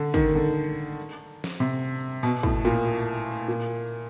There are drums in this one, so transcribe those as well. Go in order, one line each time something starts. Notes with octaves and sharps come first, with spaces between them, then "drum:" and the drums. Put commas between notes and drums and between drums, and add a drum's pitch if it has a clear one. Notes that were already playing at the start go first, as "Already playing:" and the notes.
Already playing: D3
D#3, drum: kick
D3
drum: snare
C3
drum: hi-hat
B2
A2, drum: kick
A#2
A#2